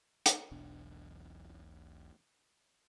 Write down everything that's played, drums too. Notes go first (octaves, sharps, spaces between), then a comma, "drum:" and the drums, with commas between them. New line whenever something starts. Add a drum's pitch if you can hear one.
drum: hi-hat
E1 B1 D4